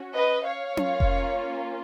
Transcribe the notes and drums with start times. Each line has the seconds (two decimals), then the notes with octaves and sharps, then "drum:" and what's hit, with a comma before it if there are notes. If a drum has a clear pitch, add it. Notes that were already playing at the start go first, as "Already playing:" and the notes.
Already playing: C#4 F#4
0.14 B4 D#5
0.45 C#5 F5
0.77 A#3 C#4 F4, drum: tom C#4
1.00 drum: kick F1